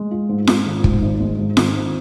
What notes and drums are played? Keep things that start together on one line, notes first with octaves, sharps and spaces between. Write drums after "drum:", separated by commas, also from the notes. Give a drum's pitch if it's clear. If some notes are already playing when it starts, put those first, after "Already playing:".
Already playing: G#3
F4
G#2
F4, drum: snare
G#1
G#2, drum: kick
G#1
G#3
G#1
D#3, drum: snare
C4